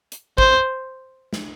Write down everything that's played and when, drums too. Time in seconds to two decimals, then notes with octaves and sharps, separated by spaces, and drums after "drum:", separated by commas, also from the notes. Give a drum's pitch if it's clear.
0.12 drum: hi-hat
0.38 C5, drum: kick
1.33 drum: snare